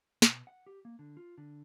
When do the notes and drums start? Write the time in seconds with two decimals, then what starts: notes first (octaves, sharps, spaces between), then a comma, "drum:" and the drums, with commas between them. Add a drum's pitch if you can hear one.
0.22 B2, drum: snare
0.47 F#5
0.66 G4
0.85 A#3
0.99 D3
1.17 F4
1.38 D3